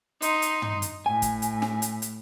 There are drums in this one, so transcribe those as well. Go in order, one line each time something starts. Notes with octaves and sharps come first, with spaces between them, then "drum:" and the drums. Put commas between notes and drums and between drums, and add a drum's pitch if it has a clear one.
D#4 C6, drum: hi-hat
drum: hi-hat
drum: tom
drum: hi-hat
A2 G#5
drum: kick, hi-hat
drum: hi-hat
drum: snare
drum: hi-hat
drum: hi-hat